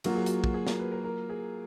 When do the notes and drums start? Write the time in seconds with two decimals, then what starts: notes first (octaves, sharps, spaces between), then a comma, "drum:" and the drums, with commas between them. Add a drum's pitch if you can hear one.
0.04 F#3 A#3 F4 F#4, drum: cymbal
0.15 G#4
0.26 F#4, drum: hi-hat
0.44 drum: kick
0.54 G#4
0.67 A#4, drum: snare
0.79 B4
0.92 A#4
1.04 A#4
1.30 G#4